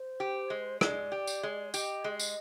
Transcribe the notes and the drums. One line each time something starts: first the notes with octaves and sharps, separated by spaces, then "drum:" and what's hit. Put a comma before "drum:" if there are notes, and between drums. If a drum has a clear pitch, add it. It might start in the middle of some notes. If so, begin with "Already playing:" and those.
Already playing: C5
G4
G#3
G#3 D5, drum: rim click
G4
drum: tambourine
G#3
G4 D#5, drum: tambourine
G#3
D#5, drum: tambourine